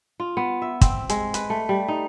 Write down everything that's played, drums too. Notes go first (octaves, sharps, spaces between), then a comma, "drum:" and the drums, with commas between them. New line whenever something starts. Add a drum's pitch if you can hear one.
F4
B3
E5
C4, drum: kick, hi-hat
G#3, drum: hi-hat
B4, drum: hi-hat
A3
G3
D#4